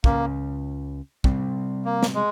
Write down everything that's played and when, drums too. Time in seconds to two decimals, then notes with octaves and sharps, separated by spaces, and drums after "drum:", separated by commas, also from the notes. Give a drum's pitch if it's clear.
0.04 C#2 C#3 G#3 A#3 C#4, drum: kick
1.24 C3 G3 C4, drum: kick
1.85 A#3
2.03 drum: snare
2.14 G#3